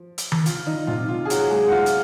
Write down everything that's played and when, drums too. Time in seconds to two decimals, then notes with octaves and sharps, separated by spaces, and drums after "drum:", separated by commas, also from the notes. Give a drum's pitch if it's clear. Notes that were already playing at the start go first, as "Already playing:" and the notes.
Already playing: F3
0.18 drum: hi-hat
0.32 drum: tom D#3
0.46 F4, drum: hi-hat
0.67 D#4
0.87 C3 D#3 F4
1.09 F4
1.25 G#4
1.30 F#3 F#4, drum: hi-hat
1.51 G#3 G#4
1.68 F#5
1.72 F4 F5
1.86 drum: hi-hat